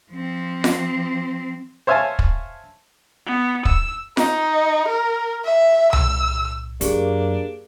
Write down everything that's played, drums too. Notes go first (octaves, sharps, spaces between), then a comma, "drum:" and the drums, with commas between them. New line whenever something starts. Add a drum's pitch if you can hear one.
F3 C4
drum: snare F4
C5 C#5 E5 F5 G#5 A5
drum: kick
B3
E6, drum: kick
D#4, drum: snare F4
A#4
E5
E6, drum: tom C2
F#2 A#3 D4 G4 G#4, drum: hi-hat